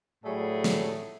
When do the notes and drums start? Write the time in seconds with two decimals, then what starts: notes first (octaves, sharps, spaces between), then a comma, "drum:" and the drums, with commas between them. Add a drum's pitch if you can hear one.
0.24 A2 F#3 G3 A3 G#4
0.64 drum: snare